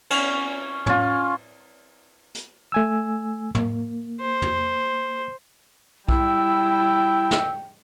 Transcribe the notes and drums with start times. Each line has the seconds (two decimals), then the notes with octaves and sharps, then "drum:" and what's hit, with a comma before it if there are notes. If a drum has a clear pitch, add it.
0.10 C#4, drum: cymbal
0.86 C#4 F4, drum: tom
2.35 drum: hi-hat
2.72 A3 G#5 E6
3.55 A#3, drum: tom
4.21 C5
4.42 drum: tom
6.09 G3 E4 G5 E6, drum: kick B1
7.31 drum: snare